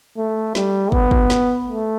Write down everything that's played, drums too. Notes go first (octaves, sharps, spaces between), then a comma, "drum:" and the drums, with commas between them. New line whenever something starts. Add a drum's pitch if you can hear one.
A3
G3, drum: snare
B3, drum: kick
drum: kick
drum: snare
A3